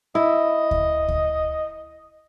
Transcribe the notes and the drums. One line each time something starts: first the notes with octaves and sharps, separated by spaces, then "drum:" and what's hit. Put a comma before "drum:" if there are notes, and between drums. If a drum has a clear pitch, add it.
E4 D#5
drum: kick D2
drum: kick D2